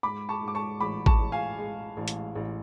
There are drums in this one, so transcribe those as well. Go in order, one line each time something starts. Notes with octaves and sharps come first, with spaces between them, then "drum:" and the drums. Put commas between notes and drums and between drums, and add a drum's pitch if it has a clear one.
G#2 B5 D6
A5 C#6
G#2
D6
A5 C#6
A1 B5 D6
A5 C#6, drum: kick G#1
A1
F5 G#5
G#3
A1
drum: hi-hat
A1